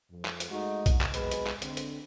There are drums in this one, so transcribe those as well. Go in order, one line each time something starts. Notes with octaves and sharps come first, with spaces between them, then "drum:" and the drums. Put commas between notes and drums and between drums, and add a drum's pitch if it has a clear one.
F2
drum: clap
drum: hi-hat
G#3 A3 D#4 F#4
drum: kick A#1, hi-hat
drum: clap
C3 F#3 G#3 B3 B4, drum: hi-hat
drum: hi-hat
drum: clap
D3 C4, drum: hi-hat
drum: hi-hat